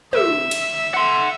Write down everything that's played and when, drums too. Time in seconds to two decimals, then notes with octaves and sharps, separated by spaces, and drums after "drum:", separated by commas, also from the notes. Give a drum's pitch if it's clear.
0.13 E5, drum: tom
0.51 drum: cymbal
0.94 F#5 C6